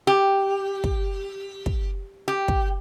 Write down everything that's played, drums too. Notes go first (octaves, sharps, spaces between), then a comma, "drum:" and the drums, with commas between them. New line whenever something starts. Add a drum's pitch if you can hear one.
G4
drum: kick
drum: kick
G4
drum: kick